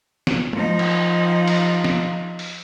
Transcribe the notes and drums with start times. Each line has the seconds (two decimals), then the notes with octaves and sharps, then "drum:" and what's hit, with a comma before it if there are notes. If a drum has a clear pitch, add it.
0.27 drum: snare
0.53 F3 D#4, drum: tom
0.79 drum: cymbal
1.47 drum: cymbal
1.84 drum: snare
2.39 drum: open hi-hat